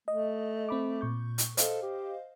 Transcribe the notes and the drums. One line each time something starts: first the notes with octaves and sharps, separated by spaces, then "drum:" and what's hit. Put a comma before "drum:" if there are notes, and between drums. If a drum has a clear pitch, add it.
A3 D#5
C4 B5 D6
A#2 C#6 G6
drum: hi-hat
A4 C5 D#5 F5, drum: hi-hat
G4